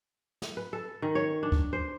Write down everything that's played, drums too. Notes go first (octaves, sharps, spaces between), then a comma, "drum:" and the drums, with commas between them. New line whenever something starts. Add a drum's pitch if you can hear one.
drum: snare
B4
A4
D#3
C#5
D4
drum: kick D2
C5